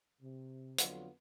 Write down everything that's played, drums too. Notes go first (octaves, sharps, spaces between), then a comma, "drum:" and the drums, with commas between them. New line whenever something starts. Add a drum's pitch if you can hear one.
C3
F2 D3 F#3 B3 F4, drum: hi-hat